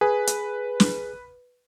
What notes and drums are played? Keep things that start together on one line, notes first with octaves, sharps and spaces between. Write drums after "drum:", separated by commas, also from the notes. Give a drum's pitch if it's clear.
G#4 B4
drum: hi-hat
drum: snare